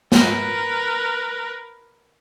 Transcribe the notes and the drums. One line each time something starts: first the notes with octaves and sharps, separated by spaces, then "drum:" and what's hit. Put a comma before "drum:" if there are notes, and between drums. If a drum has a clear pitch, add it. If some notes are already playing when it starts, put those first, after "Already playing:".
A#4 B4, drum: snare